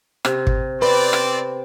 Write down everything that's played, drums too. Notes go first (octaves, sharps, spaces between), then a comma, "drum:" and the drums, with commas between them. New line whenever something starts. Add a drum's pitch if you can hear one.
C3, drum: rim click
drum: kick
C4 B4 D5
drum: rim click